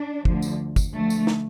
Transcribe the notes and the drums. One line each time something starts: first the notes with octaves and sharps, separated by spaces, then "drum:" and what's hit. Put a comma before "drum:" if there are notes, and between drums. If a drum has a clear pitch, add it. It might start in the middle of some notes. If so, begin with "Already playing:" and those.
Already playing: D4
D2 D3 F3, drum: kick
drum: tambourine
drum: kick, tambourine
D2 D3 F3 A3
drum: tambourine
drum: snare